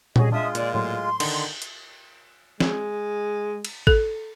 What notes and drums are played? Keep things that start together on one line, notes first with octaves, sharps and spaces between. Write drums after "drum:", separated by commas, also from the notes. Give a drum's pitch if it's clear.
G3 F#4 G#4 C#5 D#5, drum: tom A#2
G#3 D4 F4 D#5 E5 D#6
A#2 D5, drum: hi-hat
A2 F#3 C6
D3 D#3, drum: cymbal
drum: hi-hat
G#3, drum: snare
drum: cymbal
A4, drum: kick A1